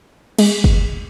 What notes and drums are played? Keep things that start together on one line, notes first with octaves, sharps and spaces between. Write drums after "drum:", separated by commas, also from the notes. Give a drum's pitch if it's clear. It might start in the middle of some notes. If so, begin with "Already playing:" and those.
G#3, drum: cymbal
drum: kick